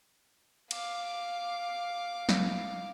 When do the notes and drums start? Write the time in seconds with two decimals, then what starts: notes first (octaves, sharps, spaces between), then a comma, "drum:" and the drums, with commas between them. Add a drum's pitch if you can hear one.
0.71 F5 D6, drum: cymbal
2.29 drum: snare